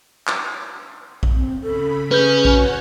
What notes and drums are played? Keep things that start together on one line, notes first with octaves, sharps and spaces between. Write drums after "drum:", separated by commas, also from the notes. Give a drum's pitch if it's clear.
drum: clap
drum: kick A#1
C4
C#3 A4 B5
C#4 G#4 B4 G6
F#4 C#5 F#5 G#5, drum: kick A#1